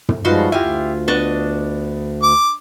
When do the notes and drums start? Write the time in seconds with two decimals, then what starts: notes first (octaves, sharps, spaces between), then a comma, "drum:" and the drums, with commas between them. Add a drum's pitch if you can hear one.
0.09 drum: tom
0.25 F3 G3 G#3 D#4 F4 F#4 B4 C6
0.52 D2 E4 F4 G4 G#5
1.08 B3 D4 D#5 C#6 A6
2.23 D6